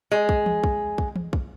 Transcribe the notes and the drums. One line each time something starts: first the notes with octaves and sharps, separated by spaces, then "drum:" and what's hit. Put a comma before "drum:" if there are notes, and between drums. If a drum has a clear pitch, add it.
G#3
drum: kick
drum: tom E3
drum: kick
drum: kick
drum: tom E3
drum: kick